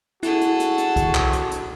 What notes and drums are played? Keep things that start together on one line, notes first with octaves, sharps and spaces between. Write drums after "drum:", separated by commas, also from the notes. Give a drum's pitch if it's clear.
E4 F#4 G#4 A4, drum: hi-hat
drum: hi-hat
drum: hi-hat
drum: hi-hat
drum: kick C2, hi-hat
drum: clap
drum: hi-hat
drum: hi-hat